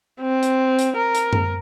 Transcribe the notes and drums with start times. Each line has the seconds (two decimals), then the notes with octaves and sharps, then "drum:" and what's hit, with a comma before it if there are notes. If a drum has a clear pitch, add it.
0.21 C4
0.43 drum: hi-hat
0.79 drum: hi-hat
0.97 A#4
1.15 drum: hi-hat
1.33 drum: tom F#2